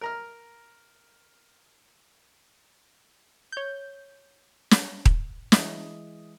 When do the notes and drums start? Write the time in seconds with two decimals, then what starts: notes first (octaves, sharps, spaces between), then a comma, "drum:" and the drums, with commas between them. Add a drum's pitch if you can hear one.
0.01 A#4 A#5 F6
3.52 C#5 G6
4.71 drum: snare
5.05 drum: kick D#1
5.52 E3 G#3 D#5 E5 D#6, drum: snare